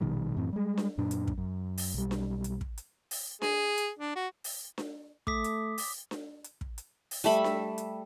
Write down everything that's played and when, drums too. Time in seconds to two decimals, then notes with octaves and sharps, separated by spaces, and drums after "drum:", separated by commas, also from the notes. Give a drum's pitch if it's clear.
0.01 A#1 B2 D#3 G3
0.37 F#2 A2 E3 C4
0.53 G3 G#3
0.77 drum: snare D4
0.98 F#2 A#2 F#3 D4
1.11 drum: hi-hat
1.28 drum: kick
1.38 F#2
1.78 drum: open hi-hat
1.94 B1 G3
2.11 drum: snare D4
2.44 drum: hi-hat
2.61 drum: kick
2.78 drum: hi-hat
3.11 drum: open hi-hat
3.42 G#4, drum: snare D4
3.78 drum: hi-hat
3.99 D4
4.16 F#4
4.44 drum: open hi-hat
4.78 drum: snare D4
5.27 A3 D6 D#6 B6, drum: kick
5.44 drum: hi-hat
5.78 drum: open hi-hat
6.11 drum: snare D4
6.44 drum: hi-hat
6.61 drum: kick
6.78 drum: hi-hat
7.11 drum: open hi-hat
7.24 G3 A3 E5 B5
7.44 drum: snare D4
7.78 drum: hi-hat